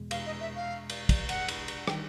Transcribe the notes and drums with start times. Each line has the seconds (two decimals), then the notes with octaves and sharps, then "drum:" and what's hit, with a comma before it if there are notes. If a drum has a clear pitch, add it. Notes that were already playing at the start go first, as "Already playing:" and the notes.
Already playing: E2 B2 G#3
0.11 F5, drum: cymbal
0.26 D#5
0.41 E5
0.56 F5
0.90 drum: cymbal
1.09 drum: kick, cymbal
1.29 F#5, drum: cymbal
1.48 drum: cymbal
1.68 drum: cymbal
1.88 D#3 G3 G5, drum: rim click